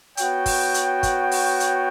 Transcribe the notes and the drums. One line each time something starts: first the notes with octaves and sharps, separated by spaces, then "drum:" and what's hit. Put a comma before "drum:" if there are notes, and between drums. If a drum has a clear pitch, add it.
B3 F#4 C#5 G5, drum: hi-hat
drum: kick, open hi-hat
drum: hi-hat
drum: kick, hi-hat
drum: open hi-hat
drum: hi-hat